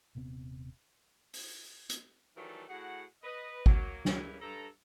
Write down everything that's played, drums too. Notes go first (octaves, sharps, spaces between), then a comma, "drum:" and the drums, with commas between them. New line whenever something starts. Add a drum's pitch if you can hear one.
D#1 C3 B3 C4
drum: open hi-hat
drum: hi-hat
D#3 E3 F#3 G3 A3
A2 F#4 G#4 F#5
B4 D#5
F#3 A#3, drum: kick G#1
C#3 G3 A#3 E4 G4 B4, drum: snare
G2 A4 A#5